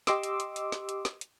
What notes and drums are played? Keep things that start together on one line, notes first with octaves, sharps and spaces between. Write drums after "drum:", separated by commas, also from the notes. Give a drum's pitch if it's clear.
G4 D#5 C6 D6 E6, drum: snare
drum: hi-hat
drum: hi-hat
drum: hi-hat
drum: snare
drum: hi-hat
drum: snare
drum: hi-hat